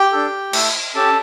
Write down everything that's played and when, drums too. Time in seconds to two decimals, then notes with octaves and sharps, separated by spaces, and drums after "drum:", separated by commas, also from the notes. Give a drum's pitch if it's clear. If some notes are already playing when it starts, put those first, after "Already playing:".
Already playing: G4 G5
0.12 D4 A4
0.53 A3 E4 A4, drum: cymbal
0.95 C#4 G4 A4 A5